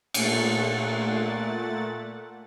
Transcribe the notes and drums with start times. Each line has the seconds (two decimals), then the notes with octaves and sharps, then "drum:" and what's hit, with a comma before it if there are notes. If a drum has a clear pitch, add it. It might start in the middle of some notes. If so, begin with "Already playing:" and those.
0.14 A#2 A3 F#5 A6, drum: cymbal